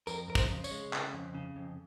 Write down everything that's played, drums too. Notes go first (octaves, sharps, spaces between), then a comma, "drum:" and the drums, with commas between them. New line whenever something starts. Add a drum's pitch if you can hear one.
F2 A#4, drum: tambourine
F2 A#4
C5, drum: kick, tambourine
C#3
C#5, drum: tambourine
G#3
C#3, drum: clap
F2
C#3
F2